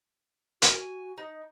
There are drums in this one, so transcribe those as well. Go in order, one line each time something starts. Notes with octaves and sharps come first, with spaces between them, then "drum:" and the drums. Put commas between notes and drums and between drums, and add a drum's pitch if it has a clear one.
F#4 A#4, drum: hi-hat
G#5
D#4 D#5